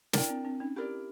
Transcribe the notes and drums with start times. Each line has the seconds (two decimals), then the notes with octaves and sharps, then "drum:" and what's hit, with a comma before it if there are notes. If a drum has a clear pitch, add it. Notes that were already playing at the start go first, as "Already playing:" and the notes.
0.13 D4 E4 A#4 D5 G5, drum: snare
0.29 C4 D4
0.45 C4 D4
0.60 C#4 D#4
0.76 E4 G4 A#4 D5